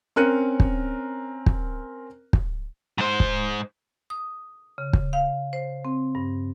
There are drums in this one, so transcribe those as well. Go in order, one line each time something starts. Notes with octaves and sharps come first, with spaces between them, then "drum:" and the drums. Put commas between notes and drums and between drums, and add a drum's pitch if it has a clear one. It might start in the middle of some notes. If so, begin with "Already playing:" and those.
C4 C#4 A#4 F#6 C#7 D#7
drum: kick
drum: kick
drum: kick
G#2 C5
drum: kick
D#6
C#3
drum: kick
F5
C5
C4
G2